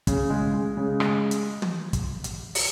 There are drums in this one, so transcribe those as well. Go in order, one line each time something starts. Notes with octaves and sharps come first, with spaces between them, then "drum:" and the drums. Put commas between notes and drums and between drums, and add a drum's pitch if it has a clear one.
C#3, drum: kick, hi-hat
G#3
G#3
C#3
G#3, drum: rim click
drum: hi-hat
drum: tom
drum: kick, hi-hat
drum: hi-hat
drum: open hi-hat